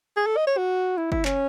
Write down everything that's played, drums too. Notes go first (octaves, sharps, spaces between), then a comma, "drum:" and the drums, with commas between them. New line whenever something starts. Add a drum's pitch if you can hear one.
G#4
A4
D#5
C#5
F#4
E4
E4, drum: kick
C#4, drum: clap